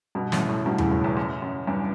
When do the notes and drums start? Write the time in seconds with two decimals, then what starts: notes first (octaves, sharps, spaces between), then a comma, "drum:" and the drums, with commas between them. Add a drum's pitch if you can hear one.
0.15 G2 B2
0.32 F#2 A2, drum: snare
0.49 F#2 A2
0.66 G2 B2
0.78 C#3 E3, drum: tom E2
0.91 F#2
1.04 E2
1.17 F#2
1.42 F#2
1.67 E2 G2